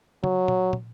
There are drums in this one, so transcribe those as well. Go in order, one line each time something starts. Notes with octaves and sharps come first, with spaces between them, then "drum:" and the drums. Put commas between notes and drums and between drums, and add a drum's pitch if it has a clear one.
F#3, drum: tom
drum: tom
drum: tom